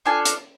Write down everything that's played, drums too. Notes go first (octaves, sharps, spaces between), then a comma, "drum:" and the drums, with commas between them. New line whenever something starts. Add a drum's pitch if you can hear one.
D4 F4 A4 G#5
drum: hi-hat